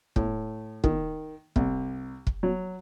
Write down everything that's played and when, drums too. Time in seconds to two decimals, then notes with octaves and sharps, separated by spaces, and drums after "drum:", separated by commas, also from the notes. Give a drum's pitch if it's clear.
0.16 A2, drum: kick
0.84 D#3, drum: kick
1.56 C2, drum: kick
2.27 drum: kick
2.43 F#3